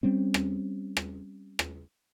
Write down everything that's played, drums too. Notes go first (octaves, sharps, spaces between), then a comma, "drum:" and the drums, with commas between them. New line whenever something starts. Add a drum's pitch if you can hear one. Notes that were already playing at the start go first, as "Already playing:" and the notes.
G3 C4 C#4
drum: rim click
drum: rim click
drum: rim click